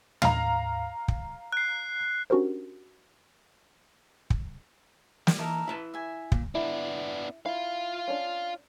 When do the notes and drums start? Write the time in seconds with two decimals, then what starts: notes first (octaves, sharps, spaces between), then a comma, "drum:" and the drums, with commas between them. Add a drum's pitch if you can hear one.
0.22 F5 A#5, drum: tom
1.08 drum: kick
1.52 F#6 C7
2.30 C#4 D4 F#4 G4 A#4 C5
4.30 drum: kick
5.27 G3, drum: snare
5.39 E3 D#4 A4 A#4
5.68 E4 B4 A5
5.94 E5 G#5
6.32 A#2, drum: kick
6.55 B3 D4 E4
7.46 E4 F4 F5
8.08 C#4 D4